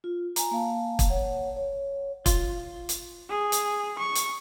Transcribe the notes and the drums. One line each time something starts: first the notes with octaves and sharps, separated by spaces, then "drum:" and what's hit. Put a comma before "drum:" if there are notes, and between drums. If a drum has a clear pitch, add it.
F4
G#5 A#5, drum: hi-hat
A#3 F5 A5
drum: kick, hi-hat
C#5 F#5
C#5
F4, drum: kick, hi-hat
drum: hi-hat
G#4
drum: hi-hat
C#6
drum: hi-hat